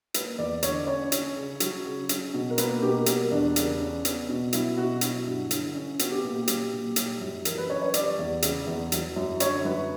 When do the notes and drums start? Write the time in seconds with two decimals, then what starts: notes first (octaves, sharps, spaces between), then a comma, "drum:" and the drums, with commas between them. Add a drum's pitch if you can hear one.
0.14 A#3 B4, drum: hi-hat
0.38 E2 D5
0.63 D3 C#5, drum: hi-hat
0.74 D5
0.87 C#4 C#5
1.12 C#4, drum: hi-hat
1.36 C#3
1.60 F#3, drum: hi-hat
1.85 C#3
2.09 C#4, drum: hi-hat
2.34 B2
2.50 A#4
2.58 A#3 B4, drum: hi-hat
2.70 A#4
2.82 B2 G4
2.94 A#4
3.06 G3 A#4, drum: hi-hat
3.31 E2 D4
3.56 C#3, drum: hi-hat
3.80 C#4
4.05 B3, drum: hi-hat
4.29 B2
4.53 F#3 E4, drum: hi-hat
4.77 B2 F#4
5.01 F#3 E4, drum: hi-hat
5.26 G2
5.51 D3, drum: hi-hat
5.75 C#4
5.99 B3 F#4, drum: hi-hat
6.11 G4
6.23 A#2
6.35 G4
6.48 F#3, drum: hi-hat
6.73 A#2
6.96 G3, drum: hi-hat
7.21 F#2
7.45 E3 A#4, drum: hi-hat
7.58 B4
7.69 C#4 C#5
7.82 C#5
7.94 G3 D5, drum: hi-hat
8.19 E2
8.42 C#3, drum: hi-hat
8.67 E2
8.92 F#3, drum: hi-hat
9.16 F#2
9.40 D3 C#5, drum: hi-hat
9.65 F#2 B4